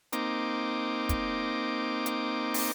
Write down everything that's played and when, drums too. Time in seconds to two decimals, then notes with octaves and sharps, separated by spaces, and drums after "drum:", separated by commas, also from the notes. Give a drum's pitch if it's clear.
0.13 A#3 C4 D#4 D6, drum: hi-hat
1.09 drum: kick, hi-hat
2.06 drum: hi-hat
2.54 drum: open hi-hat